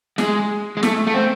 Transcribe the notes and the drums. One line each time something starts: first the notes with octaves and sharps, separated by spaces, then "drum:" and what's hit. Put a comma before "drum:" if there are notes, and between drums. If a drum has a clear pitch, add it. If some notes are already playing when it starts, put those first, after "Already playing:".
G#3, drum: snare
G#3
A3, drum: snare
A3
C4